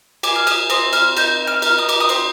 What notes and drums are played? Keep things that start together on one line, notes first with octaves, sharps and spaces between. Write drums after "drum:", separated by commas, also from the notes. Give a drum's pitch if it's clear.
G#4 D6, drum: cymbal
F6
D#6, drum: cymbal
C4 D#6, drum: cymbal
F6, drum: cymbal
D#4 G6, drum: cymbal
F6
D#4, drum: cymbal
D#6
D6, drum: cymbal
D#6
C4, drum: cymbal